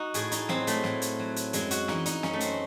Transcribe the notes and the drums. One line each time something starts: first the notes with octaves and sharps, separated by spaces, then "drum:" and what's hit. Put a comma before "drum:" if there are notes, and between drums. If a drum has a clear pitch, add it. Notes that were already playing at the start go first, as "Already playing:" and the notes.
Already playing: D#4 F#4
A2 G#4, drum: hi-hat
D#4, drum: hi-hat
F#3 C4, drum: snare
A3, drum: hi-hat
A2, drum: snare
drum: hi-hat
F#3
drum: hi-hat
F#2 G#3, drum: hi-hat
F#4, drum: hi-hat
E3 D#4, drum: snare
D#4, drum: hi-hat
F#2 C#4, drum: snare
A3
C4, drum: hi-hat